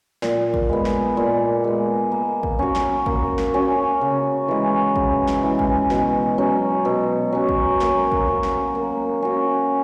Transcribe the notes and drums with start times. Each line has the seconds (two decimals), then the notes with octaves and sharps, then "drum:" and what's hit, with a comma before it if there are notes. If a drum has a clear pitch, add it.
0.22 A#2, drum: snare
0.54 drum: kick
0.69 G#3 B3
0.85 drum: snare
1.17 A#2
1.64 G#3 B3
2.12 A#3
2.43 drum: kick
2.59 C#4 F#4
2.75 drum: snare
3.06 A#3, drum: kick
3.38 drum: snare
3.54 C#4 F#4
4.01 C#3
4.48 E3 G#3
4.96 C#3, drum: kick
5.27 drum: snare
5.43 E3 G#3
5.59 drum: kick
5.90 B2, drum: snare
6.38 F#3 C#4
6.85 B2
7.32 F#3 C#4
7.49 drum: kick
7.80 A#3, drum: snare
8.12 drum: kick
8.28 C#4 F#4
8.43 drum: snare
8.75 A#3
9.22 C#4 F#4